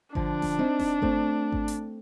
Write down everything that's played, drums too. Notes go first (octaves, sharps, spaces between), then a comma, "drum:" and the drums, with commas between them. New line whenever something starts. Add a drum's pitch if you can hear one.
D3 F3 D4, drum: kick G#1
drum: snare E1
C4 D#4
drum: snare E1
A3 C4, drum: kick G#1
drum: kick G#1
drum: hi-hat